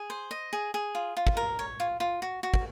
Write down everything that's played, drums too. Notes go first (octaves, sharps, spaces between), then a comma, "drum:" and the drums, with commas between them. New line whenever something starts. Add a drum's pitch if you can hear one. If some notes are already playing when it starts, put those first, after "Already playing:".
Already playing: G#4
C5
D#5
G#4
G#4
F4
F4
drum: kick
A#4
C#5
F4
F4
F#4
F#4
drum: kick